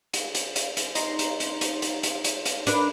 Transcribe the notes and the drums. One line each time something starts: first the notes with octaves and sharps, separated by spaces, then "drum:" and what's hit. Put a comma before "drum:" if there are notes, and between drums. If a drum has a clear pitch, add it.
drum: hi-hat
drum: hi-hat
drum: hi-hat
drum: hi-hat
D#4 A#5 C6, drum: hi-hat
drum: hi-hat
drum: hi-hat
drum: hi-hat
drum: hi-hat
drum: hi-hat
drum: hi-hat
drum: hi-hat
D4 A#4 B4, drum: hi-hat